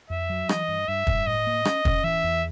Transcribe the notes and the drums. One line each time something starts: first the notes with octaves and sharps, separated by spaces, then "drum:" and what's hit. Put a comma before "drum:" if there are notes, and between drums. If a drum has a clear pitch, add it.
F2 E5
F#3
E3 D#5, drum: rim click
G2
G2 E5
G2, drum: kick
A2 D#5
A#3
C#4, drum: rim click
C#4, drum: kick
E3 E5
E2